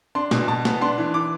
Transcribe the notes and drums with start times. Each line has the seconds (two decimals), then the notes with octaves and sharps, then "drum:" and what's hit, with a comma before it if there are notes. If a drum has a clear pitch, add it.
0.15 D4 C6
0.31 B2, drum: snare
0.48 B2 A5
0.65 B3, drum: snare
0.81 D4 C6
0.98 E3
1.14 E3 D6